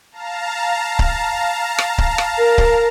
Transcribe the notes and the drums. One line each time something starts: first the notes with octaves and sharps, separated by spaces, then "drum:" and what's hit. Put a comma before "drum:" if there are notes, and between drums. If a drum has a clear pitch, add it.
F5 A5 A#5
drum: kick C#1
drum: rim click
drum: kick C#1
drum: rim click
A#4
drum: kick C#1